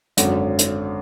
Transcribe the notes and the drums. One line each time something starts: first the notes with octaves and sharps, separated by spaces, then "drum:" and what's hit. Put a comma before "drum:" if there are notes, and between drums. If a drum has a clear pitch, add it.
G#1 F#2 D3, drum: hi-hat
drum: hi-hat